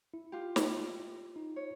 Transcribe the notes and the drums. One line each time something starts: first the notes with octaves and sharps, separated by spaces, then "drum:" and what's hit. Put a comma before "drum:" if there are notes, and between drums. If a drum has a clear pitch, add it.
E4
F4 G4
drum: snare
D#4
C#5